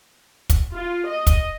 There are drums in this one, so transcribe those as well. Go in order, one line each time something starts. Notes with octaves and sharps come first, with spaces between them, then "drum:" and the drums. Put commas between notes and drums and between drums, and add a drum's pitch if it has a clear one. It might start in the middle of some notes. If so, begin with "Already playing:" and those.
drum: kick, hi-hat
F4
D#5
drum: kick, hi-hat